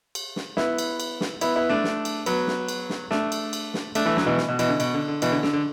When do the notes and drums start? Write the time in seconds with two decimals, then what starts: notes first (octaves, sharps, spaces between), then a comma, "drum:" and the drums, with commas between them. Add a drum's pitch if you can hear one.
0.15 drum: cymbal
0.36 drum: snare
0.57 B3 E4, drum: snare
0.78 drum: cymbal
1.00 drum: cymbal
1.21 drum: snare
1.41 B3 E4, drum: cymbal
1.56 B3 E4
1.70 A3 D4
1.84 drum: snare
2.05 drum: cymbal
2.26 F#3 B3, drum: cymbal
2.47 drum: snare
2.68 drum: cymbal
2.90 drum: snare
3.11 A3 D4, drum: snare
3.32 drum: cymbal
3.53 drum: cymbal
3.74 drum: snare
3.95 A3 D4, drum: cymbal
4.05 E3 A3
4.17 D3 F#3, drum: snare
4.26 B2 E3
4.37 drum: snare
4.49 B2
4.59 B2 E3, drum: cymbal
4.68 D3
4.80 B2, drum: cymbal
4.94 D3
5.08 D3
5.22 B2 E3, drum: cymbal
5.32 D3
5.43 D3, drum: snare
5.53 D3